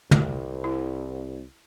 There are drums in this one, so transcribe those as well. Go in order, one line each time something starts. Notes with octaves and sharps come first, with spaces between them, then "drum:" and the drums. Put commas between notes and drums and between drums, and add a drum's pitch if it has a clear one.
C2, drum: tom
E4